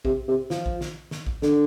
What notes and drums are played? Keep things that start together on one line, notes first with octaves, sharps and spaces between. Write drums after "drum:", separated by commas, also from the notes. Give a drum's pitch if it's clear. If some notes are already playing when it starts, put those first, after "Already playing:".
C3, drum: kick A#1
C3
F3, drum: snare
drum: kick A#1
drum: snare
drum: snare
drum: kick A#1
D3, drum: snare